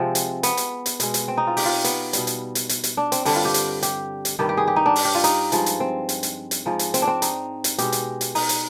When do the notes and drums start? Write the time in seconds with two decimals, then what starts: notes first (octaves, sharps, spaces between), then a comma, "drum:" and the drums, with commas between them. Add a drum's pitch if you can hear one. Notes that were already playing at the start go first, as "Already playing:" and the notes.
Already playing: C3 F3 G#3 C4
0.15 drum: hi-hat
0.43 B3, drum: hi-hat
0.57 drum: hi-hat
0.86 drum: hi-hat
1.00 B2 G#3, drum: hi-hat
1.14 drum: hi-hat
1.28 C4
1.37 D#4
1.47 F4
1.57 G4, drum: open hi-hat
1.65 F4
1.84 B3, drum: hi-hat
2.13 B2 G3, drum: hi-hat
2.27 drum: hi-hat
2.55 drum: hi-hat
2.69 drum: hi-hat
2.84 drum: hi-hat
2.97 D4
3.12 C4, drum: hi-hat
3.25 G2 D3 G3 D4, drum: open hi-hat
3.35 F4
3.45 G4
3.54 drum: hi-hat
3.83 G4, drum: hi-hat
4.25 drum: hi-hat
4.39 G2 D#3 G3 G4
4.49 G4
4.57 G#4
4.67 G4
4.76 D#4
4.86 D4
4.96 drum: open hi-hat
5.05 G4
5.15 F4
5.24 D#4, drum: hi-hat
5.52 G2 F3 G#3, drum: hi-hat
5.66 drum: hi-hat
5.80 C4
6.09 drum: hi-hat
6.23 drum: hi-hat
6.51 drum: hi-hat
6.66 G#2 F3 G#3
6.79 drum: hi-hat
6.94 C4, drum: hi-hat
7.02 D4
7.07 C4
7.22 D#4, drum: hi-hat
7.64 drum: hi-hat
7.78 B2 G#3 G4, drum: hi-hat
7.92 drum: hi-hat
8.21 drum: hi-hat
8.35 D#4, drum: open hi-hat
8.49 drum: hi-hat